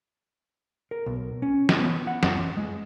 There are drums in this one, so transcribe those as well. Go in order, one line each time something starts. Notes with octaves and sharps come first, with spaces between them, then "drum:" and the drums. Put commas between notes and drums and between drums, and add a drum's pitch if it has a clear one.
A#4
B1
C#4
drum: snare
B3
F#5
F#2, drum: snare
G#3